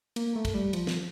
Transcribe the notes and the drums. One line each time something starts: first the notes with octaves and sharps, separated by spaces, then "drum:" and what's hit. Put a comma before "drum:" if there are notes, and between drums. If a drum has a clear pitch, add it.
A#3, drum: cymbal
A3
drum: kick, cymbal
G3
F3, drum: cymbal
drum: snare